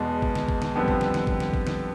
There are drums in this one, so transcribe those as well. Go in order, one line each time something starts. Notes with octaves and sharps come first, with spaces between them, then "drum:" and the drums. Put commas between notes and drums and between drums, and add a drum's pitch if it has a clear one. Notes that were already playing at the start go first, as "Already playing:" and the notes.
Already playing: E2 B2 G#3 B3 A5
drum: kick
drum: snare
drum: kick
drum: snare
F2 D3 G3 B3
drum: kick
drum: snare
drum: snare
drum: kick
drum: snare
drum: kick
drum: snare